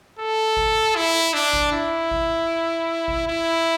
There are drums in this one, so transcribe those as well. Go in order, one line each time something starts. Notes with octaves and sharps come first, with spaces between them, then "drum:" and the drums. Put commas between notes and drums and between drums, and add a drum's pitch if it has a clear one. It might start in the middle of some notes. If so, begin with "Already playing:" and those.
A4
drum: kick G#1
E4
D4
drum: kick G#1
E4
drum: kick G#1
drum: kick G#1
E4